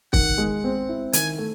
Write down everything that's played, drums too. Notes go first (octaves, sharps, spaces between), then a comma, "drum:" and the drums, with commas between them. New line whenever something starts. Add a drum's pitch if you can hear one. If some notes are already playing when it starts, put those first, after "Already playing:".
D#3 F#5, drum: kick
G#3
C4
E4
D#3 G#5, drum: hi-hat
A3